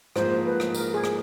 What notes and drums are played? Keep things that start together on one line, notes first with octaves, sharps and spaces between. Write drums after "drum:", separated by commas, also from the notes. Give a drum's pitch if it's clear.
G#2 F3 A#3 C5, drum: rim click
B4
drum: rim click
A#4, drum: tambourine
G#4
drum: rim click